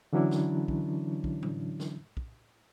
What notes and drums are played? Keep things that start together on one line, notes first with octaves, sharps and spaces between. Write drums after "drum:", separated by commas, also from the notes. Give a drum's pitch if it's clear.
D3 E3 F#3 C#4 D4 E4
drum: snare
drum: kick
drum: kick
drum: tom
drum: snare
drum: kick